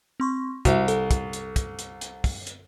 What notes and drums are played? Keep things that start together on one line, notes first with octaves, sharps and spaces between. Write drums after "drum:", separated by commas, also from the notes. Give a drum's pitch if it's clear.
C4 C6 C#6
C2 F#4 C5 E5, drum: kick, hi-hat
A4, drum: hi-hat
drum: kick, hi-hat
drum: hi-hat
drum: kick, hi-hat
drum: hi-hat
drum: hi-hat
drum: kick, open hi-hat
drum: hi-hat